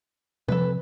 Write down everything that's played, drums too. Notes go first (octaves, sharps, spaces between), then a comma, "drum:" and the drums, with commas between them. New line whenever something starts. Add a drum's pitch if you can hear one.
C3 F3 C4 A4 B4, drum: tom E3